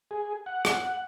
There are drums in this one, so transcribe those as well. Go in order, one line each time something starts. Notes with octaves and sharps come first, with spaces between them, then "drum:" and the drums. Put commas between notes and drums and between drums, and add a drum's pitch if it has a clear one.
G#4
F#5
drum: rim click